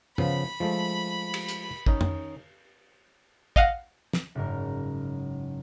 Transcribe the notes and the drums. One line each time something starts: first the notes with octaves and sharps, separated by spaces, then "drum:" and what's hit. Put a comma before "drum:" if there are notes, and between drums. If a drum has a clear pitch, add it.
C#3 F3 B3 B5, drum: tom G2
F3 G#3 A3
drum: cymbal
drum: hi-hat
D#3 C#4 D#4, drum: kick
drum: tom F2
D#5 F5 F#5, drum: kick
drum: snare
F#1 G#2 A#4